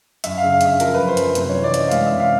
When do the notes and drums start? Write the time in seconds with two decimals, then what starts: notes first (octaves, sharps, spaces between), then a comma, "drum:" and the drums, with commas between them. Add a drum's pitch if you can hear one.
0.24 F#2 E5, drum: hi-hat
0.38 C#3 F5
0.52 F5
0.61 C#3 E5, drum: hi-hat
0.80 F3 A#4, drum: hi-hat
0.94 F#2 B4
1.08 C5
1.17 F#2, drum: hi-hat
1.35 C3 C5, drum: hi-hat
1.49 E3 C#5
1.64 D5
1.74 C#4 D#5, drum: hi-hat
1.89 F5
1.92 G#3 E5, drum: hi-hat
2.06 C3 E5
2.20 F5